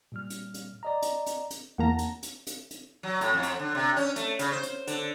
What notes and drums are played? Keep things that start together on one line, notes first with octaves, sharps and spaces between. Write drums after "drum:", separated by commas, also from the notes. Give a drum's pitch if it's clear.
A#2 G3 F6
drum: hi-hat
drum: hi-hat
D5 D#5 A#5
drum: hi-hat
drum: hi-hat
drum: hi-hat
E2 A#3 F#5 A5 A#5
drum: hi-hat
drum: hi-hat
drum: hi-hat
drum: hi-hat
F#3
A2, drum: hi-hat
F2
drum: hi-hat
D3
C3
C#4
A3, drum: hi-hat
C#3, drum: hi-hat
C5
drum: hi-hat
D3, drum: hi-hat